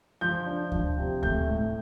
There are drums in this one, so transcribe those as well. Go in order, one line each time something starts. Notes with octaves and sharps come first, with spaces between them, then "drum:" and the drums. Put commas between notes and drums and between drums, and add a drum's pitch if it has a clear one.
F3 G6
D4
F3, drum: kick D2
C3
A3 G6, drum: kick D2
A2